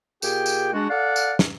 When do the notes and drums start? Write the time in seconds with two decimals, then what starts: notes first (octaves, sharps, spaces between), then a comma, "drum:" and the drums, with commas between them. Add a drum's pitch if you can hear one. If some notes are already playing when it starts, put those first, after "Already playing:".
0.22 A#2 G4 G#4 G5, drum: tambourine
0.46 drum: tambourine
0.74 G#3 D4 F#4
0.89 A4 D5 F5 F#5
1.16 drum: tambourine
1.39 drum: snare